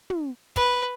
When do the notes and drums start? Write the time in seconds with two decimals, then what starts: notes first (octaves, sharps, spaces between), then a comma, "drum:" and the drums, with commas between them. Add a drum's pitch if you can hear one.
0.10 drum: tom
0.56 B4, drum: kick, hi-hat